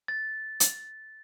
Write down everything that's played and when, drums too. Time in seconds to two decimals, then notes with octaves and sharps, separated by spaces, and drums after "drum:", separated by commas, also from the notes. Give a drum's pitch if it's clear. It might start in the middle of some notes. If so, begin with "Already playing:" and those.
0.08 A6
0.60 drum: hi-hat